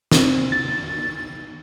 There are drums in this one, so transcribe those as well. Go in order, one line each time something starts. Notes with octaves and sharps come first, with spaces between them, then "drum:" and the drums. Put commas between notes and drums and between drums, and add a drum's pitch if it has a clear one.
C4, drum: snare
A6